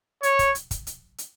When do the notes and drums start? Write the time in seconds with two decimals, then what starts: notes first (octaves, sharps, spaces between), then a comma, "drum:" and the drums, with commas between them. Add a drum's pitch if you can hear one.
0.23 C#5, drum: hi-hat
0.39 drum: kick, hi-hat
0.55 drum: hi-hat
0.71 drum: kick, hi-hat
0.87 drum: hi-hat
1.18 drum: hi-hat